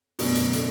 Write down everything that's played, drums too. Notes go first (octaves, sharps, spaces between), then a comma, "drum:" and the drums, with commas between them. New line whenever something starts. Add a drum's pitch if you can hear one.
F#2 B2 D3 A3, drum: open hi-hat
drum: hi-hat
D3 A3, drum: hi-hat